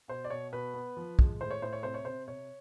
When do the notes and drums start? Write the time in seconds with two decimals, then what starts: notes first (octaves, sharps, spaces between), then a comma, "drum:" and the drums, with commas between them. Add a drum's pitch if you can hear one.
0.08 B2 C5
0.24 D5
0.30 B2 C#5
0.52 B2 B4
0.74 B3
0.97 F3
1.19 G#3, drum: kick
1.41 A2 C5
1.51 C#5
1.62 A2 C5
1.73 C#5
1.83 C3 C5
1.94 C#5
2.05 C3 C5
2.28 C3 C#5